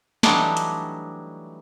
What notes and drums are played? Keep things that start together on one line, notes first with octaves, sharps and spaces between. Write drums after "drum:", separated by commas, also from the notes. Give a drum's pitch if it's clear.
E3 F#3 G3 A3 D4 D#4, drum: snare
drum: hi-hat